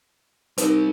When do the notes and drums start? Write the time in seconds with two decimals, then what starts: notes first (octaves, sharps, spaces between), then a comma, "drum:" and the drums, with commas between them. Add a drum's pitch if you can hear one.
0.58 G3 C4 D#4 A#4, drum: hi-hat